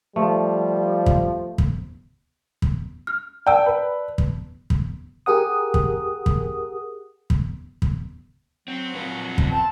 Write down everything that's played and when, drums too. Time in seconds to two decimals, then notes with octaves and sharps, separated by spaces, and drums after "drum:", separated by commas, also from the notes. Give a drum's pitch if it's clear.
0.16 F3 G3 A3
1.06 drum: kick
1.58 drum: kick
2.62 drum: kick
3.07 F6
3.47 D5 G5 A5 E6
3.66 B4
4.18 drum: kick
4.70 drum: kick
5.26 G4 G#4 A#4 F#5 D#6
5.74 drum: kick
6.26 drum: kick
7.30 drum: kick
7.82 drum: kick
8.68 F#3 C4
8.94 C4 F4 B4
9.38 drum: kick
9.51 C4 A5